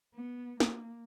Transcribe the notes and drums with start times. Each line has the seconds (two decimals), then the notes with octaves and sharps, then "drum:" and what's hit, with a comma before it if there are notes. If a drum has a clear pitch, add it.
0.14 B3
0.60 A#3, drum: snare